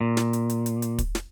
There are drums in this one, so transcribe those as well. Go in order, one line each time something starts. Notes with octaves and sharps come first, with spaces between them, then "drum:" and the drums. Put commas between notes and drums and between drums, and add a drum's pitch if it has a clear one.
A#2
drum: snare
drum: hi-hat
drum: hi-hat
drum: hi-hat
drum: hi-hat
drum: kick, hi-hat
drum: snare